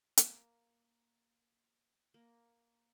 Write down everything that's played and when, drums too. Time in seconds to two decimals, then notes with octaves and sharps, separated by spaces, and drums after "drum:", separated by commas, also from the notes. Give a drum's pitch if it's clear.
0.17 A#3, drum: hi-hat
2.14 A#3